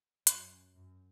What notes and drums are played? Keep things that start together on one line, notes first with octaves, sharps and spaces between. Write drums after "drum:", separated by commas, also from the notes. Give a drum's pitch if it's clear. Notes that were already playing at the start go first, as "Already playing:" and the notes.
F#2, drum: hi-hat
F#2